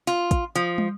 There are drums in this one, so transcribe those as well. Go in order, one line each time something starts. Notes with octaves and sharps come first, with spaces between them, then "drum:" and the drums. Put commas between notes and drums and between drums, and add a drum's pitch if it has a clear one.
F4, drum: hi-hat
drum: kick, hi-hat
F3, drum: hi-hat
drum: tom